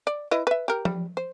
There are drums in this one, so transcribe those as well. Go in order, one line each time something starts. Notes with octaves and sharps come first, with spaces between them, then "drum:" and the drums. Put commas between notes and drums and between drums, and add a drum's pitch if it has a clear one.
D5
E4 B4 D#5
B4 E5
G4 A#4
G3, drum: tom F3
C5